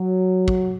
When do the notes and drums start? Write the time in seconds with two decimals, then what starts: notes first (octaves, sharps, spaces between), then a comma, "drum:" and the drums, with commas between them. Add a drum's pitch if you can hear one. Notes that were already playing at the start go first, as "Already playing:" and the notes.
Already playing: F#3
0.48 drum: kick